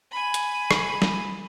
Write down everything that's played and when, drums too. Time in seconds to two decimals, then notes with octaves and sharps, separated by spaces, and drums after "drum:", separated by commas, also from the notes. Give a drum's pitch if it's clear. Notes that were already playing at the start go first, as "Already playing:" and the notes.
0.12 G#5 B5
0.34 drum: hi-hat
0.71 drum: rim click
1.02 drum: snare